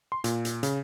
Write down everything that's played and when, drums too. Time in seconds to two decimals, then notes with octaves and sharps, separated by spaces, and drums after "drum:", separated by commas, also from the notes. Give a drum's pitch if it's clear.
0.12 C6
0.24 A#2, drum: hi-hat
0.45 drum: hi-hat
0.63 C#3, drum: hi-hat